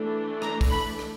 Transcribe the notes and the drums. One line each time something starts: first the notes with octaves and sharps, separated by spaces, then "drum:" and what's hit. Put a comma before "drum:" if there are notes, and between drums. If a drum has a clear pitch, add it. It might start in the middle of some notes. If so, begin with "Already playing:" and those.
Already playing: E3 A3 D4
A#5, drum: rim click
drum: kick, open hi-hat
B5
drum: rim click